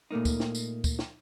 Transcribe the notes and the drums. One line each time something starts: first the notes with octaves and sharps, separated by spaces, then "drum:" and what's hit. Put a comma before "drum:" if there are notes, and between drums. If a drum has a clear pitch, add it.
A#2 A3 A#3 D#4
drum: kick, tambourine
drum: snare
drum: tambourine
drum: kick, tambourine
drum: snare